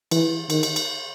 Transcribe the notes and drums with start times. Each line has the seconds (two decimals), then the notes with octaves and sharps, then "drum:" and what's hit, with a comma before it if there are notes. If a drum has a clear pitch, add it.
0.11 E3, drum: cymbal
0.50 D#3, drum: cymbal
0.63 drum: cymbal
0.76 drum: cymbal